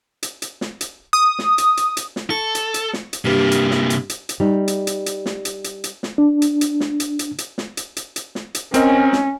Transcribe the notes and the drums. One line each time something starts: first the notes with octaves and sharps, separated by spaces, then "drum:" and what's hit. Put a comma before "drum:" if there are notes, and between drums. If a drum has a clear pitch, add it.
drum: hi-hat
drum: hi-hat
drum: snare
drum: hi-hat
D#6
drum: snare
drum: hi-hat
drum: hi-hat
drum: hi-hat
drum: snare
A4 C#6
drum: hi-hat
drum: hi-hat
drum: snare
drum: hi-hat
G2 C3 G3 A#3
drum: hi-hat
drum: snare
drum: hi-hat
drum: hi-hat
drum: hi-hat
G3 D#4
drum: hi-hat
drum: hi-hat
drum: hi-hat
drum: snare
drum: hi-hat
drum: hi-hat
drum: hi-hat
drum: snare
D4
drum: hi-hat
drum: hi-hat
drum: snare
drum: hi-hat
drum: hi-hat
drum: hi-hat
drum: snare
drum: hi-hat
drum: hi-hat
drum: hi-hat
drum: snare
drum: hi-hat
C4 C#4 A#4 D#5, drum: hi-hat
drum: snare